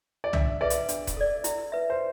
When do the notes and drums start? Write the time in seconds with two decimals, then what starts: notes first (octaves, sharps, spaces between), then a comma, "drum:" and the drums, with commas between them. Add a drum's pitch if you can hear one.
0.24 D5
0.33 D4 E5, drum: tom C2
0.61 G#4 B4 D5 E5
0.70 drum: hi-hat
0.89 D4, drum: hi-hat
1.07 drum: kick D#1, hi-hat
1.17 A4 D5
1.44 E4, drum: hi-hat
1.72 B4 E5
1.90 C5